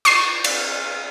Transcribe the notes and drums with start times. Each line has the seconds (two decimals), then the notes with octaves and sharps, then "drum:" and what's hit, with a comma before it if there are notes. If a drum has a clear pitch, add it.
0.05 C#6 C7 D#7, drum: cymbal
0.44 drum: cymbal